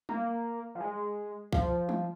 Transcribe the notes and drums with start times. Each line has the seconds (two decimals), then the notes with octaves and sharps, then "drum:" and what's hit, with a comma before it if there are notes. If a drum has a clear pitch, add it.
0.09 A#3, drum: tom
0.75 F3
0.81 G#3
1.53 F3, drum: kick
1.89 drum: tom